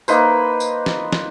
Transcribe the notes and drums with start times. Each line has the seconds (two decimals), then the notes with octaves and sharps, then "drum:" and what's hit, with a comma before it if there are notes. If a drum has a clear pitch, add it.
0.08 A#3 D#4 B4 C5, drum: tambourine
0.60 drum: tambourine
0.86 drum: snare
1.12 drum: snare